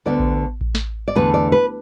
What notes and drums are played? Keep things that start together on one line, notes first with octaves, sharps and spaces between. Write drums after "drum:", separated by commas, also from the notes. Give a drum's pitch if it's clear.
D2 D3 B3 D5
drum: kick A1
drum: kick A1
drum: snare
D5
E2 D3 A3 D4 B4
D5
B4